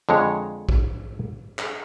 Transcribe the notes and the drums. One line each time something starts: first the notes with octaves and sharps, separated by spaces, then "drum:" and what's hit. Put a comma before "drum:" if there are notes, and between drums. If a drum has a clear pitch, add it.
F2 D3 G#3 C#5
drum: kick A#1
drum: clap